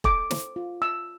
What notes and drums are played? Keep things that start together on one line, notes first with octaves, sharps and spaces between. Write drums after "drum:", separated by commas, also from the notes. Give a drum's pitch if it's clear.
A4 D6, drum: kick E1
C5, drum: snare
F4
F4 E6